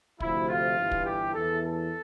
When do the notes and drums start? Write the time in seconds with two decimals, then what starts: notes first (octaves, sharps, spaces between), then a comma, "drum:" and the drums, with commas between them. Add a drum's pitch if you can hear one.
0.20 D2 C3 F3 E4, drum: kick
0.49 F4
0.77 G1 G2 E3
0.91 drum: kick
1.05 G4
1.34 E2 E3 A4
1.63 A4